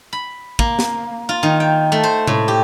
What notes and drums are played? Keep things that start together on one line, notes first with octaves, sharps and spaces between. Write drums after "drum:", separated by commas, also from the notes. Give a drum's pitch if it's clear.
B5
A#3, drum: kick
drum: snare
F4
D#3
G5
A3
C5
A2, drum: tom C3
G4